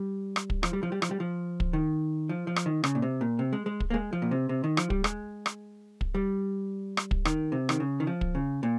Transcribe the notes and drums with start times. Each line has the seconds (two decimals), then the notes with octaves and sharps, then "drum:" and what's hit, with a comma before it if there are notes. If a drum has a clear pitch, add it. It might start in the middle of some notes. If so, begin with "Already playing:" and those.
Already playing: G3
0.36 drum: rim click
0.50 drum: kick
0.63 F3, drum: rim click
0.73 G3
0.83 F3
0.92 G3
1.02 F3, drum: rim click
1.11 G3
1.20 F3
1.60 drum: kick
1.73 D#3
2.29 F3
2.47 F3
2.56 drum: rim click
2.66 D#3
2.84 C#3, drum: rim click
2.95 A#2
3.02 C3
3.21 A#2
3.39 C3
3.53 G#3
3.66 G#3
3.80 drum: kick
3.90 A#3
3.94 G#3
4.13 F3
4.22 A#2
4.31 C3
4.49 C3
4.64 D#3
4.77 F3, drum: rim click
4.90 G3, drum: kick
5.04 G#3, drum: rim click
5.46 drum: rim click
6.01 drum: kick
6.15 G3
6.97 drum: rim click
7.11 drum: kick
7.25 D#3, drum: rim click
7.52 C3
7.69 D#3, drum: rim click
7.80 C#3
8.00 D#3
8.07 F3
8.21 drum: kick
8.35 C#3
8.63 A#2